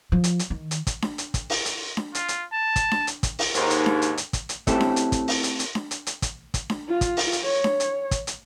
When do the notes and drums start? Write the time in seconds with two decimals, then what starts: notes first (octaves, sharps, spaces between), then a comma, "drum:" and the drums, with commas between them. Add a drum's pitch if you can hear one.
0.12 F3
0.24 drum: hi-hat
0.39 drum: hi-hat
0.50 D#3
0.71 drum: hi-hat
0.87 drum: kick, hi-hat
1.02 drum: snare D4
1.18 drum: hi-hat
1.34 drum: kick, hi-hat
1.50 drum: open hi-hat
1.65 drum: hi-hat
1.97 drum: snare D4
2.15 F4, drum: hi-hat
2.28 drum: hi-hat
2.52 A5
2.76 drum: kick, hi-hat
2.91 drum: snare D4
3.07 drum: hi-hat
3.23 drum: kick, hi-hat
3.39 drum: open hi-hat
3.54 D#2 G#2, drum: hi-hat
3.70 drum: hi-hat
3.86 drum: snare D4
4.02 drum: hi-hat
4.17 drum: hi-hat
4.33 drum: kick, hi-hat
4.49 drum: hi-hat
4.67 A3 C4 C#4 E4 G4 A4, drum: kick, hi-hat
4.81 drum: snare D4
4.96 drum: hi-hat
5.12 drum: kick, hi-hat
5.28 drum: open hi-hat
5.44 drum: hi-hat
5.59 drum: hi-hat
5.75 drum: snare D4
5.91 drum: hi-hat
6.07 drum: hi-hat
6.22 drum: kick, hi-hat
6.54 drum: kick, hi-hat
6.70 drum: snare D4
6.89 F4
7.01 drum: kick, hi-hat
7.17 drum: open hi-hat
7.33 drum: hi-hat
7.44 C#5
7.64 drum: snare D4
7.80 drum: hi-hat
8.11 drum: kick, hi-hat
8.27 drum: hi-hat